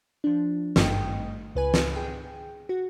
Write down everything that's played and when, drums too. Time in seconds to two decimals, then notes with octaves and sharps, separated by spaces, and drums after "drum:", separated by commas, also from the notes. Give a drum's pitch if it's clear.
0.24 F3 D4
0.76 G#1 G2 A3 D#5 G5, drum: snare
1.55 C#2 B4 G#5
1.74 drum: snare
1.95 G#4 G5
2.69 F#4